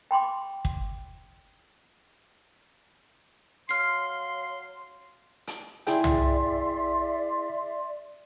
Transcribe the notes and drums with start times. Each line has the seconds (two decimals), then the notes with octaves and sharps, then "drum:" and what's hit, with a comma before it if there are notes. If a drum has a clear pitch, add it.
0.11 G5 B5 C6 D6
0.65 drum: kick
3.69 F#3 F5 C6 F6 C7
5.47 drum: hi-hat
5.87 E4 G#4 D5 E5 G5 C6, drum: hi-hat
6.04 drum: tom C2